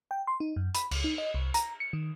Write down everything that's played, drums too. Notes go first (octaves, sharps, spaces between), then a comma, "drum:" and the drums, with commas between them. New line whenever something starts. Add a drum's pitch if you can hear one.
G5
C6
D#4
F#2
B5, drum: hi-hat
C#2, drum: cymbal
D#4
D#5
C2
A#5, drum: hi-hat
C#7
D#3